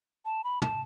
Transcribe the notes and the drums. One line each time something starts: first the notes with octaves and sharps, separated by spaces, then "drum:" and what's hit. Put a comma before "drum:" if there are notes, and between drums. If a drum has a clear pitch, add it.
A5
B5
A5, drum: tom